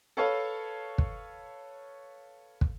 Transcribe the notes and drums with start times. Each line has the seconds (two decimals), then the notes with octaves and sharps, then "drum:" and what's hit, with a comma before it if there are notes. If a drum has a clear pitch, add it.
0.17 A4 B4 C#5 F5 A5
0.98 drum: kick
2.61 drum: kick